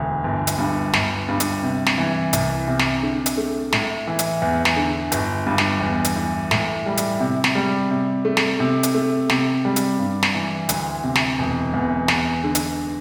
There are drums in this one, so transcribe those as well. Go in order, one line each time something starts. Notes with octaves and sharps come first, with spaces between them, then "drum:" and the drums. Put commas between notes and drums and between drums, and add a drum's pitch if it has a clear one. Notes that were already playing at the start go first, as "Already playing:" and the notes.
Already playing: E1 D2
G1
drum: hi-hat
G2
G1, drum: snare
G2
drum: hi-hat
C3
drum: snare
E3
C2, drum: hi-hat
C3
drum: snare
D3
drum: hi-hat
A3
A2, drum: snare
E3
drum: hi-hat
E2
drum: snare
D3
G1, drum: hi-hat
G2
drum: snare
E2
drum: hi-hat
E3
A2, drum: snare
G3
drum: hi-hat
C3
drum: snare
G3
C3
A3
drum: snare
C3
drum: hi-hat
A3
C3, drum: snare
G3
drum: hi-hat
G2
drum: snare
E3
D2, drum: hi-hat
C3
drum: snare
E1
E2
E2, drum: snare
D3
drum: hi-hat